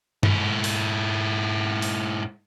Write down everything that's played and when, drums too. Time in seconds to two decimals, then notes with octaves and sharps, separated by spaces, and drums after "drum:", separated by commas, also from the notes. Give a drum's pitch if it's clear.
0.23 G#2 E4, drum: tom G2
0.64 drum: open hi-hat
1.82 drum: open hi-hat